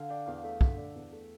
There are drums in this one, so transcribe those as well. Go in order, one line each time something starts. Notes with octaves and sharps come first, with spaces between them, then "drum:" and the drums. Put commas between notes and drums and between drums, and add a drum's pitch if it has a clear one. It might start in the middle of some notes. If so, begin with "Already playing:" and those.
Already playing: D3 F5
D4 G5
E2 F5
A3 E5
D3 E5, drum: kick
D4
E2
A3